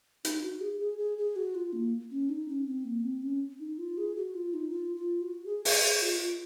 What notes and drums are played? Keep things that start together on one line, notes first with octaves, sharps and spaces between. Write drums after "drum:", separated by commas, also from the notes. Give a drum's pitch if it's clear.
D#4, drum: hi-hat
F#4
G#4
G#4
G#4
G#4
F#4
F4
A#3
C#4
D#4
C#4
C4
A#3
C4
C#4
D#4
F4
G#4
F#4
F4
D#4
F4
F4
F#4
G#4
G#4, drum: open hi-hat
G#4
F4
F4